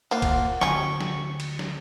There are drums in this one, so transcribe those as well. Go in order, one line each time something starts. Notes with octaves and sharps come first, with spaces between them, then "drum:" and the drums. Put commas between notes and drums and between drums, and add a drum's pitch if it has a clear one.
A#3 F4 C5 F#5
drum: kick, cymbal
D2 C#4 G4 G#4 G5 C#6, drum: snare
drum: snare
drum: cymbal
drum: snare